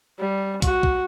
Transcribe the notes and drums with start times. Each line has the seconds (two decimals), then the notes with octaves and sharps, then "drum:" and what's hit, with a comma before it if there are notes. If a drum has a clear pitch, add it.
0.19 G3
0.62 F#4, drum: kick, hi-hat
0.83 drum: kick